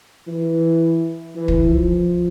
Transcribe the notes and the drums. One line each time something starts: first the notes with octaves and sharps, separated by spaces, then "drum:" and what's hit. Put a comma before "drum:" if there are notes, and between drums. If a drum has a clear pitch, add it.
E3
E3
drum: kick
F3